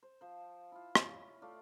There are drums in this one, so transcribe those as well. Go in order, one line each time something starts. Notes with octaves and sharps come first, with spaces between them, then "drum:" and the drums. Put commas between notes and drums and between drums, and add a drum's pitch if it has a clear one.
C5
F3 C5
E4 F4
C#5, drum: rim click
A3 F4 D5